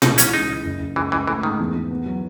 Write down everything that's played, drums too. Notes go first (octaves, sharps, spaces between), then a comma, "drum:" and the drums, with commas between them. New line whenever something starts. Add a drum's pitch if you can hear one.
C#2 D#4, drum: tom A#2
E3 C#4, drum: hi-hat
C#2 D#4
C#3
F#1
F#1
C#2 E3
C#2 E3
E3 A3
G#2 D#3
E2
E2
B3
F#3